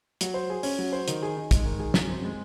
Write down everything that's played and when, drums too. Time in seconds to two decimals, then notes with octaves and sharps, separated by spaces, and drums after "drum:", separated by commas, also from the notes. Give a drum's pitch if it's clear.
0.21 F#3, drum: hi-hat
0.34 C5
0.50 G#4
0.63 C#4, drum: open hi-hat
0.79 F#3
0.93 C5
1.08 D#3, drum: hi-hat
1.23 G#4
1.37 D#4
1.51 G#3, drum: kick, hi-hat
1.65 D#3
1.80 G#4
1.94 F#2, drum: snare
2.10 C4
2.24 G#3